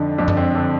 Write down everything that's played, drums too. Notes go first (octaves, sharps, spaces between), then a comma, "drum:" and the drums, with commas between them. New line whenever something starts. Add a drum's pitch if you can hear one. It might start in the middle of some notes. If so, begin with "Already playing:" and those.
Already playing: F2 D3 D4 D#4
F2 D4
drum: tom F#2
C4
D3 D4